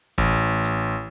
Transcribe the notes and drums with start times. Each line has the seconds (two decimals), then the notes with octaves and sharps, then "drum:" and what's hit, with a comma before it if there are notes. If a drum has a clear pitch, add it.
0.18 A1, drum: kick G#1
0.64 drum: hi-hat